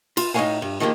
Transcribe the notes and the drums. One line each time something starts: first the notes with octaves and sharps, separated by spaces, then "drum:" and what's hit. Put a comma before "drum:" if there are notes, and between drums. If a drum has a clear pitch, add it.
F4, drum: cymbal
A2 D#4 A#4 C#5 F5 G#5
G2
D#3 F3 G#3 A#3 G4